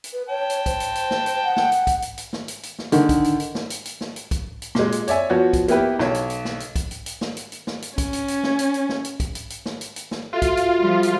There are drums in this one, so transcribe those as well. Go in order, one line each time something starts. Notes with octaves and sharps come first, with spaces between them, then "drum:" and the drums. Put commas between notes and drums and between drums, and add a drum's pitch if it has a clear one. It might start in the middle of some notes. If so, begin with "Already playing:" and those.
drum: hi-hat
B4
C#5 G5 A5
drum: hi-hat
C5, drum: kick, hi-hat
drum: hi-hat
drum: hi-hat
drum: snare
drum: hi-hat
F#5
drum: snare
drum: hi-hat
drum: kick, hi-hat
drum: hi-hat
drum: hi-hat
drum: snare
drum: hi-hat
drum: hi-hat
drum: snare
D3 D#3, drum: hi-hat
drum: kick, hi-hat
drum: hi-hat
drum: hi-hat
drum: snare
drum: hi-hat
drum: hi-hat
drum: snare
drum: hi-hat
drum: kick, hi-hat
drum: hi-hat
A#2 G#3, drum: snare
drum: hi-hat
C#5 D5 E5 G#5, drum: hi-hat
F3 B3 F#4 C#5
drum: kick, hi-hat
A#3 B3 E4 G4 B4, drum: hi-hat
B1 C#5, drum: snare
drum: hi-hat
drum: hi-hat
drum: snare
drum: hi-hat
drum: kick, hi-hat
drum: hi-hat
drum: hi-hat
drum: snare
drum: hi-hat
drum: hi-hat
drum: snare
drum: hi-hat
C#4, drum: kick, hi-hat
drum: hi-hat
drum: hi-hat
drum: snare
drum: hi-hat
drum: hi-hat
drum: snare
drum: hi-hat
drum: kick, hi-hat
drum: hi-hat
drum: hi-hat
drum: snare
drum: hi-hat
drum: hi-hat
drum: snare
F4 F#4 A4 E5
drum: kick, hi-hat
drum: hi-hat
F3 G3
drum: hi-hat